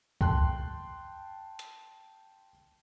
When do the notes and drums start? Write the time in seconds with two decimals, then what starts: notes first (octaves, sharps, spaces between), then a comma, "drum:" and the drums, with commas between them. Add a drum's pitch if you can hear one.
0.21 G5 A5 C6 F#6, drum: kick
1.59 drum: hi-hat